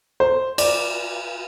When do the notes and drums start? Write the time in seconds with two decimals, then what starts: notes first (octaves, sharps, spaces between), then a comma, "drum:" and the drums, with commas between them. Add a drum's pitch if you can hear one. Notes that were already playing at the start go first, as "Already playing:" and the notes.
0.20 C5
0.58 D5, drum: cymbal